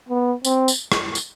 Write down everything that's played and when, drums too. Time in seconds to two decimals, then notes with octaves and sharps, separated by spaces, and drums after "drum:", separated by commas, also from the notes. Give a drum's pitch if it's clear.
0.09 B3
0.45 C4, drum: tambourine
0.68 drum: tambourine
0.92 drum: rim click
1.15 drum: tambourine